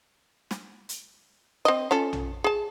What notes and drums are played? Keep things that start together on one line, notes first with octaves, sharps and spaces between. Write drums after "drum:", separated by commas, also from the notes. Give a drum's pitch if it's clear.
drum: snare
drum: hi-hat
C4 D#5
C#4 F4 A4
drum: tom A#1
G#4 A5